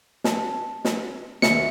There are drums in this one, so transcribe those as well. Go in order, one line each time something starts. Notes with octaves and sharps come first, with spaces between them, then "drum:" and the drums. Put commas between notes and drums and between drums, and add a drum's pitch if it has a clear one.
A5, drum: snare
drum: snare
D#2 C#3 E5 C#7, drum: snare